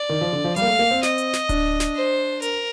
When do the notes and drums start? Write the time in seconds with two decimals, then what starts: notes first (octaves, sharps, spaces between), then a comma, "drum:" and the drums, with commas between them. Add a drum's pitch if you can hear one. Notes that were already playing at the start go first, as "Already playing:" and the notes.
Already playing: D5
0.09 D#3
0.21 F3
0.33 D3
0.44 F3
0.56 G3 F5, drum: hi-hat
0.62 A#3
0.68 A3
0.79 A#3
0.91 C4
1.03 D#5, drum: snare
1.18 drum: hi-hat
1.33 drum: snare
1.49 D4, drum: kick D1, hi-hat
1.80 drum: snare
1.95 C5
2.42 A#4, drum: hi-hat